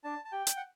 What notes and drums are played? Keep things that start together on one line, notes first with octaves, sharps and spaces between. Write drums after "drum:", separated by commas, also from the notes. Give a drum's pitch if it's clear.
D4 A5
A5
G4 G5
drum: hi-hat
F#5